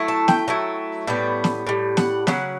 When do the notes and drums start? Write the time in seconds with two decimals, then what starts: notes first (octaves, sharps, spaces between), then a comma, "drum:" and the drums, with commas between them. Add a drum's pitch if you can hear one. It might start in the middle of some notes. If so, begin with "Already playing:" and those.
Already playing: F#3 A3 E4
0.08 A5
0.28 G5, drum: snare
0.48 F#3 A3 E4
1.07 A2 G3 B3
1.44 drum: snare
1.67 A2 G3
1.97 F#5, drum: snare
2.27 C#3 F#3 C#4 F#5, drum: snare